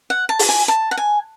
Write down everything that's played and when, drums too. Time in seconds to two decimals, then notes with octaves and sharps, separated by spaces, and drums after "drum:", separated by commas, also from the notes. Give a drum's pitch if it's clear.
0.10 F#5
0.29 A5
0.39 drum: open hi-hat
0.49 G#5
0.68 A5
0.91 F#5
0.97 G#5